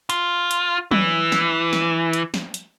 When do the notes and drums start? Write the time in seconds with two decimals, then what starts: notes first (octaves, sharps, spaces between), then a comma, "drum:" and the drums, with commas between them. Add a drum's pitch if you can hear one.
0.10 F4, drum: hi-hat
0.51 drum: hi-hat
0.91 E3, drum: tom F#3
1.32 drum: snare
1.73 drum: snare
2.13 drum: hi-hat
2.34 drum: snare
2.54 drum: hi-hat